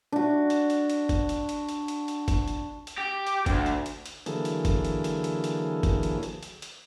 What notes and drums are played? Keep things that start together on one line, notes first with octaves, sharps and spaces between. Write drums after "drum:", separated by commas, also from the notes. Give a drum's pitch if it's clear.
D4 F#4
drum: hi-hat
drum: hi-hat
drum: hi-hat
drum: kick, hi-hat
drum: hi-hat
drum: hi-hat
drum: hi-hat
drum: hi-hat
drum: hi-hat
drum: kick, hi-hat
drum: hi-hat
drum: hi-hat
G4
drum: hi-hat
D2, drum: kick, hi-hat
drum: hi-hat
drum: hi-hat
drum: hi-hat
D3 E3 F#3 A#3 G#4 A4, drum: hi-hat
drum: hi-hat
drum: kick, hi-hat
drum: hi-hat
drum: hi-hat
drum: hi-hat
drum: hi-hat
drum: kick, hi-hat
drum: hi-hat
drum: hi-hat
drum: hi-hat
drum: hi-hat